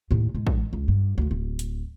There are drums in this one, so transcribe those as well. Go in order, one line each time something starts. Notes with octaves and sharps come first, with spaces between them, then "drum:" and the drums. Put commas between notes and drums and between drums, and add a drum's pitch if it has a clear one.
D#2 A2
A2 G#3
drum: kick
C#2
G2
D2 G#3
D1
drum: hi-hat